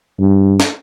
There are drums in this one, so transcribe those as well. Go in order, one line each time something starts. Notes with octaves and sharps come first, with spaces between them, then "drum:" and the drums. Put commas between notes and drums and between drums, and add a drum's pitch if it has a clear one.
G2
drum: snare